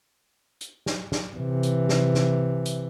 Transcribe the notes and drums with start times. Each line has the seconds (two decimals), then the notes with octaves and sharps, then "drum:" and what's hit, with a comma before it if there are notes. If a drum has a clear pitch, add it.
0.61 drum: hi-hat
0.86 drum: snare
1.12 drum: snare
1.38 C3 E3
1.63 drum: hi-hat
1.89 drum: snare
2.14 drum: snare
2.65 drum: hi-hat